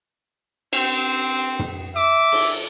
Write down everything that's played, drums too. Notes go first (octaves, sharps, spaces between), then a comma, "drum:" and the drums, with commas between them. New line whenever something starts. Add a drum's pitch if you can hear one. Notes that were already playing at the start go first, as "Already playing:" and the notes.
C4, drum: cymbal
drum: tom
E5 D6
drum: cymbal